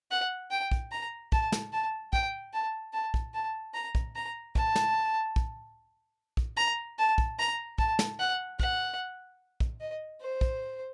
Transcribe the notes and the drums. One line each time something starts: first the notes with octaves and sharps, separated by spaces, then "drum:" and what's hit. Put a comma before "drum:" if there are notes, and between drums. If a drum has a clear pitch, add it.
F#5
G5
drum: kick
A#5
A5, drum: kick
drum: snare
A5
G5, drum: kick
A5
A5
drum: kick
A5
A#5
drum: kick
A#5
A5, drum: kick
drum: snare
drum: kick
drum: kick
A#5
A5
drum: kick
A#5
A5, drum: kick
drum: snare
F#5
F#5, drum: kick
drum: kick
D#5
C5
drum: kick